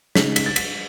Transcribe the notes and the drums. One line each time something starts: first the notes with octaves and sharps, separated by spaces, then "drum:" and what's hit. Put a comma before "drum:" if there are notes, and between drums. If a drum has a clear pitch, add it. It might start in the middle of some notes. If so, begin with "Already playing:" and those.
C#3 G#3 D#4 B6, drum: snare
B6, drum: cymbal
A6
B6, drum: cymbal